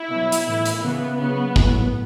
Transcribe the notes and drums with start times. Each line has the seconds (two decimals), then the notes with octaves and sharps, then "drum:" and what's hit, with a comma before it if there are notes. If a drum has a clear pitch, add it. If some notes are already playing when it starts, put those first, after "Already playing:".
Already playing: E4
0.10 B2 F#3
0.32 drum: hi-hat
0.47 A2 E3
0.66 drum: hi-hat
0.83 C#3 E3 B3
1.19 C#3 F#3 B3
1.56 A2 F#3, drum: kick